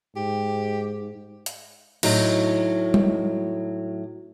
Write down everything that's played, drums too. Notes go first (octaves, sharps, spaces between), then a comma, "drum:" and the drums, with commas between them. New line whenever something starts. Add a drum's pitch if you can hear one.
G#2 G4
drum: hi-hat
A2 F#3 D#4, drum: cymbal
drum: tom G3